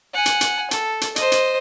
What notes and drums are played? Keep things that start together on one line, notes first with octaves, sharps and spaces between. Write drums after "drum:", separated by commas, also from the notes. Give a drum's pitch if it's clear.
F#5 G#5
drum: hi-hat
drum: hi-hat
A4, drum: hi-hat
drum: hi-hat
C5 D#5, drum: hi-hat
drum: hi-hat